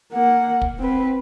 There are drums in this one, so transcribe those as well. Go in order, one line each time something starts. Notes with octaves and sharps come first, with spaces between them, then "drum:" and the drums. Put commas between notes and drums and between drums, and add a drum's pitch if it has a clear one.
A#3 F#5
drum: kick
C4 B4